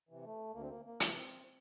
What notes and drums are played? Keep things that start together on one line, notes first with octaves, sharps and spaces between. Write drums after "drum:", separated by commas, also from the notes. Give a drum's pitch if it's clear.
C3 E3
A3
D2 A#3
C4
A#3
A#3
C3 E3, drum: hi-hat
C4